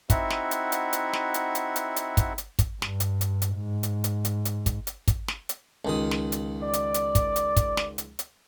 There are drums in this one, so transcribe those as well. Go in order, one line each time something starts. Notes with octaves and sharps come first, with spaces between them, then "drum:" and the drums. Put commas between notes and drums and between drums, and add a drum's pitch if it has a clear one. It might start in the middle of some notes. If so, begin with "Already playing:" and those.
C4 D#4 E4 F#4 E5 F#5, drum: kick, hi-hat
drum: snare
drum: hi-hat
drum: hi-hat
drum: hi-hat
drum: snare
drum: hi-hat
drum: hi-hat
drum: hi-hat
drum: hi-hat
drum: kick, hi-hat
drum: hi-hat
drum: kick, hi-hat
G2, drum: snare
drum: hi-hat
drum: hi-hat
drum: hi-hat
G#2
drum: hi-hat
drum: hi-hat
drum: hi-hat
drum: hi-hat
drum: kick, hi-hat
drum: hi-hat
drum: kick, hi-hat
drum: snare
drum: hi-hat
C#2 D#3 D#6
drum: snare
drum: hi-hat
D5
drum: hi-hat
drum: hi-hat
drum: kick, hi-hat
drum: hi-hat
drum: kick, hi-hat
drum: snare
drum: hi-hat
drum: hi-hat